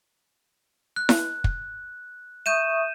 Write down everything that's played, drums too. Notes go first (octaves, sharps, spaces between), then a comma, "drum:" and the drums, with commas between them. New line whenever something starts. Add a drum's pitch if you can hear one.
F#6
drum: snare E4
drum: kick
E5 C#6 D#6 G6 D#7 E7